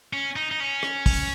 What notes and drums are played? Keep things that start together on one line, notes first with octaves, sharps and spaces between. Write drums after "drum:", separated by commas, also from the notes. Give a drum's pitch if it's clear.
C#4
D#4
D#4
C#4
drum: rim click
drum: kick, open hi-hat